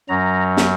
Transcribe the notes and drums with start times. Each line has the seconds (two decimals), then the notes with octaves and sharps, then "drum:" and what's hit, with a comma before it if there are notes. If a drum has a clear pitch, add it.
0.09 F#2 F#3 A#5
0.57 drum: snare